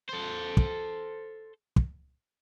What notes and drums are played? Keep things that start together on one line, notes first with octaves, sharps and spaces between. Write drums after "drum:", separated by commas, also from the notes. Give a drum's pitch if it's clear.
A4 C5
drum: kick
drum: kick